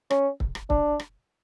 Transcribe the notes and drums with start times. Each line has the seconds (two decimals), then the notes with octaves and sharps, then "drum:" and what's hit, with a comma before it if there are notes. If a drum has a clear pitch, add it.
0.10 C#4, drum: rim click
0.40 drum: kick
0.55 drum: rim click
0.70 D4, drum: kick
1.00 drum: rim click